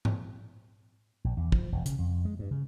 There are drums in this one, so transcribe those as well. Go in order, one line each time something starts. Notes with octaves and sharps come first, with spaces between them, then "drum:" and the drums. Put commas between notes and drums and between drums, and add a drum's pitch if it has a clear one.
drum: tom G#2
A#1
E2
F3, drum: kick
E1
C#3, drum: hi-hat
F2
G#3
G2
C#3